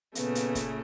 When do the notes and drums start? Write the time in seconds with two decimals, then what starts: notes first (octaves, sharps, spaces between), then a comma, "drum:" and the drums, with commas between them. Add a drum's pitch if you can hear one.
0.15 A#2 C#3 A3 B3, drum: hi-hat
0.35 drum: hi-hat
0.55 drum: kick, hi-hat